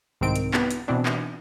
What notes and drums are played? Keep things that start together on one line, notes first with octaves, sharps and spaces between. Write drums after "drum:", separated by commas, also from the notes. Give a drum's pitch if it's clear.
C2 G#2 D#3 C4 D7
drum: hi-hat
B3, drum: clap
drum: hi-hat
B2 E3 C4 D4
drum: clap